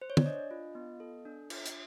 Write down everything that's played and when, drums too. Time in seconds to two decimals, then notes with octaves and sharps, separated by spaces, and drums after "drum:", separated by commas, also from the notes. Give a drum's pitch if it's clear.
0.02 C5
0.10 C#5
0.17 D5, drum: tom
0.26 D4 D#5
0.51 F4
0.75 B3
1.00 A4
1.25 D4
1.50 F4, drum: cymbal
1.66 drum: hi-hat